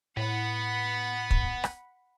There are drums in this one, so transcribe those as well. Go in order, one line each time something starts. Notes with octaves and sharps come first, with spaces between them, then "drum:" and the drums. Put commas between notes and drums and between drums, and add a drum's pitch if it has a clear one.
A2 B3 F#5 B5
drum: kick
drum: rim click